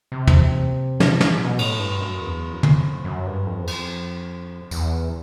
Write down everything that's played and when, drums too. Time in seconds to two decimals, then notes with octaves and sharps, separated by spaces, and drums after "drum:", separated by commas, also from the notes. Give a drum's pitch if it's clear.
0.12 C3
0.27 drum: tom
1.00 drum: snare
1.20 drum: snare
1.38 B2
1.59 A2, drum: cymbal
1.79 G2
2.00 F#2
2.21 E2
2.53 F#2
2.63 F2, drum: tom
3.05 F#2
3.26 G2
3.46 F2
3.63 E2
3.67 F2, drum: cymbal
4.71 E2, drum: tambourine